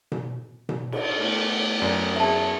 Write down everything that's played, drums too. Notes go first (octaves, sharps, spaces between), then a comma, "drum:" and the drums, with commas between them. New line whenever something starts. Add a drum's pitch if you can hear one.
drum: tom B2
drum: tom B2
drum: cymbal
A3 B3 G4
F#2 D5
B3 G#4 C#5 E5 A5